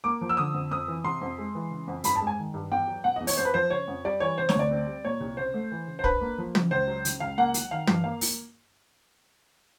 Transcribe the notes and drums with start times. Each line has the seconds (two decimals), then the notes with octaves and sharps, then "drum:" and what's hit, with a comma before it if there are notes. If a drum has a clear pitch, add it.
0.04 A#3 D6
0.21 F3
0.29 E6
0.37 D3 D#6
0.54 F2
0.71 F2 D#6
0.88 E3
1.04 C3 C6
1.21 F2
1.38 G#3
1.55 E3
1.71 C#3
1.87 F2
2.04 G2 B5, drum: hi-hat
2.15 A5
2.21 G#3
2.27 G#5
2.38 D#3
2.54 G2
2.71 E2 G5
2.87 F#3
3.04 B2 F#5
3.16 E2 D#5
3.27 C#5, drum: open hi-hat
3.37 F2 C5
3.45 B4
3.54 F3 C5
3.70 C#3 C#5
3.87 F2
4.05 G3 D5
4.20 E3 C#5
4.38 C3 C5
4.49 C#5, drum: snare
4.54 D2 D5
4.71 C4
4.87 G3
5.05 A#2 C#5
5.20 C2
5.37 C#3 C5
5.54 A3
5.72 E3
5.87 C#3
5.99 C5
6.04 D4 B4, drum: kick
6.21 A#3
6.38 F3
6.55 C#3, drum: tom
6.71 C#2 C5
6.87 F#3
7.05 C#3, drum: hi-hat
7.20 C#2 F5
7.38 A#3 F#5
7.54 F#3, drum: hi-hat
7.71 D#3 F5
7.87 G2, drum: tom
8.04 A#3 F5
8.21 drum: open hi-hat